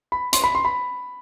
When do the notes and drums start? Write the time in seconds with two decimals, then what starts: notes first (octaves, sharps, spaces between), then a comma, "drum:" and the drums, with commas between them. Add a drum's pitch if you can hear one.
0.12 B5
0.33 C6, drum: hi-hat
0.44 B5
0.55 C6
0.65 B5